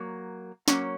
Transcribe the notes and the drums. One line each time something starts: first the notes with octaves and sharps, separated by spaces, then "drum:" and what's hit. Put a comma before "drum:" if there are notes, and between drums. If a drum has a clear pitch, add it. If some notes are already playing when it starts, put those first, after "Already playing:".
Already playing: F#3 A#3
F#3 A#3 C#4, drum: snare